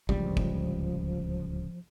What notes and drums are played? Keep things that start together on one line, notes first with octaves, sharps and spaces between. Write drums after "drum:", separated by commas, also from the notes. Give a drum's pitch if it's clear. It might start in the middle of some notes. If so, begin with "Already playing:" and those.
D1 C#2 F3 G3, drum: kick
drum: kick